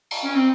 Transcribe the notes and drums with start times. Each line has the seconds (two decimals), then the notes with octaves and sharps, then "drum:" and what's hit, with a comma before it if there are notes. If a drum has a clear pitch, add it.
0.11 drum: cymbal
0.23 C#4
0.35 C4